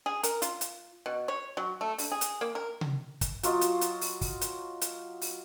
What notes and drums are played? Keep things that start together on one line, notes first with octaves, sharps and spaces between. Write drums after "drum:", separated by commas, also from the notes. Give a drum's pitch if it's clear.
G#4
A#4, drum: hi-hat
F4, drum: hi-hat
drum: hi-hat
B2
C#5
F#3
A3
D3, drum: open hi-hat
G#4
drum: hi-hat
A#3
A#4
drum: tom C3
drum: kick, hi-hat
F#3 F4 D#5, drum: hi-hat
drum: hi-hat
drum: hi-hat
drum: open hi-hat
drum: kick, open hi-hat
drum: hi-hat
drum: hi-hat
drum: open hi-hat